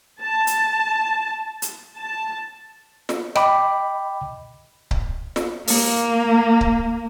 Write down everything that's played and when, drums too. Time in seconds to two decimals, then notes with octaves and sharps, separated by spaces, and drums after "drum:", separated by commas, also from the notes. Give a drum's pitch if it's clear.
0.22 A5
0.47 drum: hi-hat
1.62 drum: hi-hat
1.98 A5
3.09 drum: snare
3.35 D#5 G5 B5 D6, drum: rim click
4.91 drum: kick C#1
5.36 drum: snare
5.67 A#3, drum: open hi-hat
6.61 drum: kick C#1